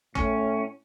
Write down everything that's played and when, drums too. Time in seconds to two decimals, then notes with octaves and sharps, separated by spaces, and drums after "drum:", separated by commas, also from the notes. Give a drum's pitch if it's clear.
0.15 A2 C#4, drum: kick